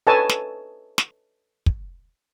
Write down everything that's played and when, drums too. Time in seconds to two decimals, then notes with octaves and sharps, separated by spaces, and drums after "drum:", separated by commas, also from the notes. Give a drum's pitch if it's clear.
0.07 A4 B4 C#5 D#5 G#5 A5
0.29 drum: snare
0.98 drum: snare
1.66 drum: kick